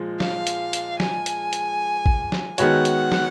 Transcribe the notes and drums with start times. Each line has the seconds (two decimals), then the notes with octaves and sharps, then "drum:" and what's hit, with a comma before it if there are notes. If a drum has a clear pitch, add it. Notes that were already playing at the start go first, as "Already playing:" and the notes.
Already playing: A#2 F3 G#3
0.20 F5, drum: snare
0.47 drum: hi-hat
0.73 drum: hi-hat
1.00 G#5, drum: snare
1.26 drum: hi-hat
1.53 drum: hi-hat
2.06 drum: kick
2.32 drum: snare
2.58 D#3 G#3 B3 F#4 C#5 F#5, drum: hi-hat
2.85 drum: hi-hat
3.12 drum: snare